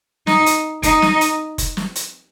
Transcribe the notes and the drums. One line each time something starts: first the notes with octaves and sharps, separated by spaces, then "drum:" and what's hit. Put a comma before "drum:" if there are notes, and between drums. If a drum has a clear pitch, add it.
D#4, drum: snare
drum: hi-hat
D#4, drum: kick F1, hi-hat
drum: snare
drum: hi-hat
drum: kick F1, hi-hat
drum: snare
drum: hi-hat